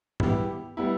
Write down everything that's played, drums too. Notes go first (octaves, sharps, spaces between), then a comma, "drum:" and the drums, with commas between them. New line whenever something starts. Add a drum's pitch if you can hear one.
G3 B3 E4 G4, drum: tom G#2
G3 B3 E4